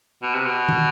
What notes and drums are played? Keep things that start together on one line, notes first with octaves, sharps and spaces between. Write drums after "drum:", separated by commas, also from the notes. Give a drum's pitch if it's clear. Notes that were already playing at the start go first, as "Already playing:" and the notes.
B2
C3
B2
drum: tom